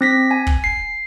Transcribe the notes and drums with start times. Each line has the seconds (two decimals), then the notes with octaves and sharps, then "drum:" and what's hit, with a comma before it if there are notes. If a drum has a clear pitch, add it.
0.01 C4 A#6 B6
0.31 G#5
0.47 drum: kick
0.64 C7